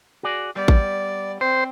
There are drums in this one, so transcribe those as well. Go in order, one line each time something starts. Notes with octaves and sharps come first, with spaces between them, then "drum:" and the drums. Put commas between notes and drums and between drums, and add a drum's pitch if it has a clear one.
F#4 G#4 D5
G3 B3 D5
drum: kick A1
C4 C5